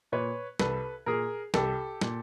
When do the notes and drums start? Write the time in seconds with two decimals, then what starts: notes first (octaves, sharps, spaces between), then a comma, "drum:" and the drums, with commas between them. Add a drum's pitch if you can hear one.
0.12 A#2 B4 C#5
0.60 C2 A4 B4, drum: snare
1.06 A#2 G#4 A#4
1.54 C2 G4 A4, drum: snare
2.01 A#2, drum: snare